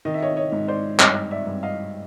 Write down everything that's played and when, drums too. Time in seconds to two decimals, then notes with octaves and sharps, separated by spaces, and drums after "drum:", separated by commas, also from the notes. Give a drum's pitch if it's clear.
0.05 D#3 D#5
0.14 E5
0.22 C#5 D#5
0.36 C#5 D#5
0.52 G#2
0.68 C5 D5
1.00 G2 C#5 D#5, drum: clap
1.31 D5 E5
1.47 G2
1.63 D#5 F5